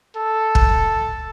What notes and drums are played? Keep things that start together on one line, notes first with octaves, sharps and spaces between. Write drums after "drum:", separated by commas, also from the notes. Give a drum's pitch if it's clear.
A4
drum: kick